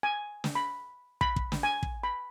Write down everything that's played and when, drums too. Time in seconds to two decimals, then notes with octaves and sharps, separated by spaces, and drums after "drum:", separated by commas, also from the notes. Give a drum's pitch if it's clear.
0.03 G#5
0.44 drum: snare
0.55 B5
1.21 B5, drum: kick
1.36 drum: kick
1.52 drum: snare
1.63 G#5
1.83 drum: kick
2.03 B5